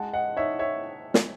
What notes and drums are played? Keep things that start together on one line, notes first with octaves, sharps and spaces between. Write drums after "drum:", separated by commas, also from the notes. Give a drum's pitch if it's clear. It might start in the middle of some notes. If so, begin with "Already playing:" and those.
Already playing: G#3 F#5 A5
D#5 F#5
D#4 C#5 E5
C#5 E5
drum: snare